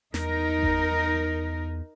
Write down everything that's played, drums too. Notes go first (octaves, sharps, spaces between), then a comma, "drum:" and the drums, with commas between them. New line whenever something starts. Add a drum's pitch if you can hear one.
E2 D#4 A#4, drum: snare
drum: kick G1